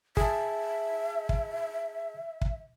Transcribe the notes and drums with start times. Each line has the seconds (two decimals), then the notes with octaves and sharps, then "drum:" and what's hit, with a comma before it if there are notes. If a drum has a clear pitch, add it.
0.17 G#4 E5 A5, drum: kick
1.29 drum: kick
2.42 drum: kick